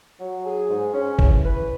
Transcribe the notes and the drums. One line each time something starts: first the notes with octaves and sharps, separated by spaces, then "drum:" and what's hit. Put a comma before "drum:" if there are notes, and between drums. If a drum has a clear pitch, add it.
F#3
G#4
G#2
C#4
E3, drum: kick
B4